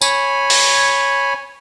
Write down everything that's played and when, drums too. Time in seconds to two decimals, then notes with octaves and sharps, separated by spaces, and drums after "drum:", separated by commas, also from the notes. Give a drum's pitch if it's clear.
0.01 C#5 G#5 B5, drum: tambourine
0.50 drum: open hi-hat